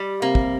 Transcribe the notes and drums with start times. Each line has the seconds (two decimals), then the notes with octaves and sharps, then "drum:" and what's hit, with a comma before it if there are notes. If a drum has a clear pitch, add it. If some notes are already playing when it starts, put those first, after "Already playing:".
Already playing: G3
0.22 C3 A#3
0.35 drum: kick